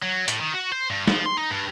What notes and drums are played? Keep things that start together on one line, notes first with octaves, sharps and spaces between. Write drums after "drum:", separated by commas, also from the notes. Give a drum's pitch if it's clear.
F#3
A2, drum: hi-hat
D#3
F#4
C5
G2
F3, drum: snare
C6
D#4
G2